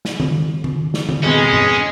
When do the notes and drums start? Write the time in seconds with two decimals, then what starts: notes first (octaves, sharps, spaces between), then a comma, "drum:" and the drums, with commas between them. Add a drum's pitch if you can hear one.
0.05 drum: snare
0.20 drum: tom D#3
0.64 drum: tom D#3
0.94 drum: snare
1.09 drum: tom D#3
1.23 F2 B2 G#3 C#4
1.53 drum: tom G2